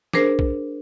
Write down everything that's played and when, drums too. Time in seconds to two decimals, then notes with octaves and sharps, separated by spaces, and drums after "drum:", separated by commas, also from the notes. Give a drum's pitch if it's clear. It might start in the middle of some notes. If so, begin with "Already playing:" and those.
0.13 D4 G#4 A#4 C5, drum: snare
0.39 drum: kick